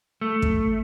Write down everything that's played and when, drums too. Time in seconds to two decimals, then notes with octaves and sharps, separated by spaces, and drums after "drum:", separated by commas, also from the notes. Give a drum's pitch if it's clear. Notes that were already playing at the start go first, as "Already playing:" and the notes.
0.21 A3
0.42 drum: kick